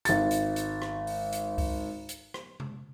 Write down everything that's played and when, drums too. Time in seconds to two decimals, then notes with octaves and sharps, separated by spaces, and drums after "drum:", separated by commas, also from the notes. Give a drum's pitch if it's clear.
0.05 G#1 A6, drum: hi-hat
0.31 drum: hi-hat
0.56 drum: hi-hat
0.82 drum: rim click
1.07 drum: open hi-hat
1.33 drum: hi-hat
1.58 drum: kick C2, open hi-hat
2.09 drum: hi-hat
2.34 drum: rim click
2.60 drum: tom C3